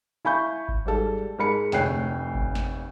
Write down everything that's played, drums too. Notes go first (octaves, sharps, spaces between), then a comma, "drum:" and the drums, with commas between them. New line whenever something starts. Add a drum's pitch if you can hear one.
E4 F5 G#5 B5 C#6 G6
drum: kick G#1
G#2 G3 A4
G#2 G#3 A#4 B5 C#7
F1 D2 C#5 G5 F#6 C7, drum: snare
drum: kick G#1
drum: snare